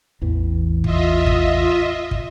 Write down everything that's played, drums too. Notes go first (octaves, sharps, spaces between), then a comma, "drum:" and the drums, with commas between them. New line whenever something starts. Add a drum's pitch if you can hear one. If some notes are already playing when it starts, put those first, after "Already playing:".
A1 E2 E3
F4 D#5 E5, drum: kick
drum: kick
drum: kick